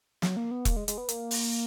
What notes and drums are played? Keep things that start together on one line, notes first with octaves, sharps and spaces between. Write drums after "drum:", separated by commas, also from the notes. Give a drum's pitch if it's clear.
F#3, drum: snare
A#3
B3
A#3, drum: kick E1, hi-hat
G#3
G#3, drum: hi-hat
B3
A#3, drum: hi-hat
drum: open hi-hat